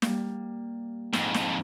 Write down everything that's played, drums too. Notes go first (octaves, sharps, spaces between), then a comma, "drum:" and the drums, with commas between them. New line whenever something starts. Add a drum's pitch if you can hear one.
G3 A#3, drum: snare
F2 G#2, drum: snare
drum: snare